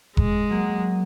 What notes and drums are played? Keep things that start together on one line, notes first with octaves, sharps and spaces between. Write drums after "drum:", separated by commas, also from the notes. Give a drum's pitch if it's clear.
G#3, drum: kick F1
F#3 A#3